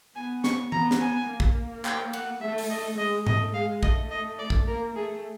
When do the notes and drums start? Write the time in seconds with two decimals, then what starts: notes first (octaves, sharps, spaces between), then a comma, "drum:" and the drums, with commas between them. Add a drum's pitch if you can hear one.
0.16 B3 G#5
0.44 C#6, drum: snare
0.72 B3 A#5, drum: tom E3
0.91 drum: snare
1.00 G#5
1.29 A#3
1.40 drum: kick
1.85 G5, drum: clap
2.13 F#5, drum: cymbal
2.41 A3 E5
2.58 drum: open hi-hat
2.70 D#5
2.98 G#3 D#5
3.27 A3 D#5, drum: tom G#2
3.54 G#3 F5
3.83 A3 D#5, drum: kick
4.11 D#5
4.39 D5
4.50 drum: kick
4.67 A#3 A#4
4.95 A3 G#4